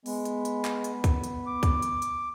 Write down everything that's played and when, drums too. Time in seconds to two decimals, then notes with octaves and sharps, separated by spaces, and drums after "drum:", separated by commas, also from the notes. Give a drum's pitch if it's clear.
0.06 G#3 B3, drum: open hi-hat
0.25 drum: hi-hat
0.45 drum: hi-hat
0.65 drum: clap
0.84 drum: hi-hat
1.04 drum: kick, hi-hat
1.24 drum: hi-hat
1.47 D6
1.63 drum: kick, hi-hat
1.82 drum: hi-hat
2.02 drum: hi-hat